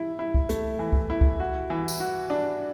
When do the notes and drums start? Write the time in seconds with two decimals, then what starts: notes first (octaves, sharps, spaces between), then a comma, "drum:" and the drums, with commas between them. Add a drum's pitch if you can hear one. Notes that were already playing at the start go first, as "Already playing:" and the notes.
Already playing: E4
0.19 E4
0.34 drum: kick
0.49 A3, drum: hi-hat
0.79 E3
0.93 drum: kick
1.10 E4
1.21 drum: kick
1.40 F#4
1.70 E3
1.88 drum: tambourine
2.00 F#4
2.30 D4